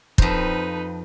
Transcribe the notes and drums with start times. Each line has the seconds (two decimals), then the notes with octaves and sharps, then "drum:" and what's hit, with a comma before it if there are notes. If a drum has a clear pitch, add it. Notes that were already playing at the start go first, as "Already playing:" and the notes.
0.18 F2 D#4 B4 C5, drum: kick